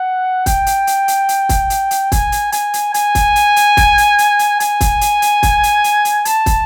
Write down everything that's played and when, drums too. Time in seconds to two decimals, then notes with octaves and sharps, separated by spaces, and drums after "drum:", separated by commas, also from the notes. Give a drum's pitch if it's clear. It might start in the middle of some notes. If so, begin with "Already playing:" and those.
Already playing: F#5
0.46 G5, drum: kick, hi-hat
0.66 drum: hi-hat
0.87 drum: hi-hat
1.08 drum: hi-hat
1.29 drum: hi-hat
1.49 drum: kick, hi-hat
1.70 drum: hi-hat
1.91 drum: hi-hat
2.12 G#5, drum: kick, hi-hat
2.32 drum: hi-hat
2.52 G#5, drum: hi-hat
2.74 drum: hi-hat
2.94 G#5, drum: hi-hat
3.15 drum: kick, hi-hat
3.36 drum: hi-hat
3.56 drum: hi-hat
3.77 drum: kick, hi-hat
3.98 drum: hi-hat
4.18 drum: hi-hat
4.39 drum: hi-hat
4.60 G#5, drum: hi-hat
4.81 drum: kick, hi-hat
5.01 drum: hi-hat
5.22 drum: hi-hat
5.43 drum: kick, hi-hat
5.63 drum: hi-hat
5.84 drum: hi-hat
6.05 drum: hi-hat
6.25 A5, drum: hi-hat
6.46 drum: kick, hi-hat